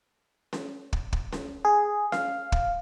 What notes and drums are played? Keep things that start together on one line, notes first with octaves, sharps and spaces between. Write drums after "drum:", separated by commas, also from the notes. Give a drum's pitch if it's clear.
drum: snare C#4
drum: kick
drum: kick
drum: snare C#4
G#4
F5, drum: snare C#4
drum: kick